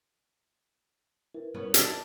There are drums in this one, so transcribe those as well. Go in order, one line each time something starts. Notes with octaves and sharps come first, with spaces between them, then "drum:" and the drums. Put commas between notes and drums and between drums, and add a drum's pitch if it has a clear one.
E4 A#4 B4
B3 C#4 A#4 B4
D#4 F#4 D5 A5, drum: hi-hat